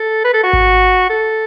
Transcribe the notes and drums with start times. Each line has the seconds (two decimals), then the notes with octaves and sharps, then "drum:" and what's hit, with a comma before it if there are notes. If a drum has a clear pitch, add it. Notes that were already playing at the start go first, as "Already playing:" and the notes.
Already playing: A4
0.24 B4
0.34 A4
0.43 F#4
0.53 drum: kick G#1
1.10 A4